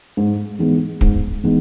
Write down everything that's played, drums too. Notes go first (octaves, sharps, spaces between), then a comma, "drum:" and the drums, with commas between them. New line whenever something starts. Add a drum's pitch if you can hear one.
G#2
E3 G#3 B3 D#4
G#2, drum: kick
E3 G#3 B3 D#4